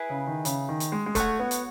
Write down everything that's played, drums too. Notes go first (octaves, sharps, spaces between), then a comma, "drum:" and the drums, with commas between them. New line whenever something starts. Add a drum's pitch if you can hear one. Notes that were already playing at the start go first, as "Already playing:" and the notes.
Already playing: E4 G#4 B4
C#3
D#3
C#3, drum: hi-hat
D#3
drum: hi-hat
G#3
G#3
A3 F#4 C#5 F#5, drum: kick, hi-hat
B3
drum: hi-hat